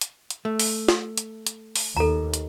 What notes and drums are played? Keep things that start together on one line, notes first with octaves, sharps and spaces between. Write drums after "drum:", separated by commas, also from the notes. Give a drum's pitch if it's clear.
drum: hi-hat
drum: hi-hat
A3
drum: open hi-hat
drum: snare
drum: hi-hat
drum: hi-hat
drum: open hi-hat
D#2 A4 A#5
drum: hi-hat